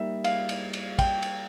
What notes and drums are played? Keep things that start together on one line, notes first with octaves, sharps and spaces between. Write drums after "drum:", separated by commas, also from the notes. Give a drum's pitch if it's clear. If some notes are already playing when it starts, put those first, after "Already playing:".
Already playing: G3 A#3 D#4 E5
F5, drum: cymbal
drum: cymbal
drum: cymbal
G5, drum: kick, cymbal
drum: cymbal